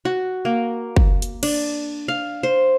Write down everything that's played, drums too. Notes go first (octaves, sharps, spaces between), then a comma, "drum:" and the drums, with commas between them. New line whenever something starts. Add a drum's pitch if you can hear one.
F#4
A#3
drum: kick
drum: hi-hat
D4, drum: cymbal
F5
C5